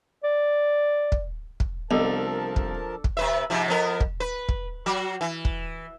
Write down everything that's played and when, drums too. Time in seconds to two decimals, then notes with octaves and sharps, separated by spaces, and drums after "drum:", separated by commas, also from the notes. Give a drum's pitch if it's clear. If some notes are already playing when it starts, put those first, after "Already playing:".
0.24 D5
1.12 drum: kick
1.60 drum: kick
1.91 C2 F3 B3 D4 A4 A#4 D#5 A5
2.56 drum: kick
3.04 drum: kick
3.17 C3 B4 E5
3.50 G#2 C3 F3
3.68 F2 B3 A#4
4.01 drum: kick
4.20 B4
4.49 drum: kick
4.86 F#3 F#4
5.21 E3
5.45 drum: kick